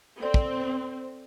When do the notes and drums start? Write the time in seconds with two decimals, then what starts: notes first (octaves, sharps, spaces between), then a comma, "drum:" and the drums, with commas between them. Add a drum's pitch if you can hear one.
0.21 C4 A4 D5
0.34 drum: kick